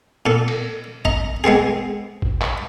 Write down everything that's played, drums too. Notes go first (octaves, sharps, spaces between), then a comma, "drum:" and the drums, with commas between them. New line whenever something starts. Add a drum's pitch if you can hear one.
A#2 A4
drum: cymbal
D#5 A#5, drum: kick
G#3 B3 C4 G#4
drum: kick
drum: clap